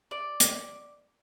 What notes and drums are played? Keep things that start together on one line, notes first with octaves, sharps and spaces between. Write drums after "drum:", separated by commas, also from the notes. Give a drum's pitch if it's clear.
D5
drum: hi-hat